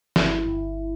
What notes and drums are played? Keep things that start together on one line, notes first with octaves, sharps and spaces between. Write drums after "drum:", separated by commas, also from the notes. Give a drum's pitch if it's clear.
G1 E4, drum: snare
G1